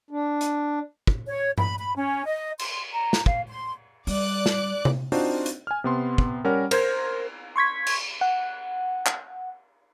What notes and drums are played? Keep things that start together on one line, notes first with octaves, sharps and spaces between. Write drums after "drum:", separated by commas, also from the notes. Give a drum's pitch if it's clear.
D4
drum: hi-hat
drum: kick
C#5
B5, drum: tom G2
B5
C#4
D#5
C6, drum: cymbal
A#5
drum: snare
F5, drum: kick
C6
G3 D5 D6 F#6, drum: open hi-hat
drum: snare
drum: tom C3
C4 D4 D#4 F4 F#4 C5, drum: open hi-hat
drum: hi-hat
G#5 F6
C3 B3 C6
drum: kick
G3 C#4 A#4 F#5 F6
A#4 C5 C6 G#6, drum: cymbal
C6 C#6 G#6 B6
drum: cymbal
F#5
drum: clap